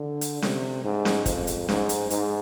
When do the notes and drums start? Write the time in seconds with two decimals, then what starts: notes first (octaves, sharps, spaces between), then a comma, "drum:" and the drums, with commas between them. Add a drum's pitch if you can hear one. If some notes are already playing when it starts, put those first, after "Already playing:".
Already playing: D3
0.21 drum: hi-hat
0.42 C3, drum: snare C#4
0.84 G#2
1.05 drum: snare C#4
1.26 F2, drum: kick, hi-hat
1.47 drum: hi-hat
1.69 G#2, drum: snare C#4
1.89 drum: hi-hat
2.10 G#2, drum: hi-hat